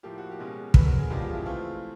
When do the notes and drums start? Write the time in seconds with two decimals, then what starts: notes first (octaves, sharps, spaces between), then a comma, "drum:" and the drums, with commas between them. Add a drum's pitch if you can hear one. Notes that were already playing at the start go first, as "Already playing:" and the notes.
0.03 A2 F3 A#3 G4
0.18 F#4
0.31 G4
0.39 B2 G#3 C#4
0.74 D3 F#3 B3 B4, drum: kick
0.86 A#4
0.99 G#4
1.10 C#3 F3 G#3 B3 D4 G4
1.22 F4
1.33 E4
1.46 E3 A3 C4 F4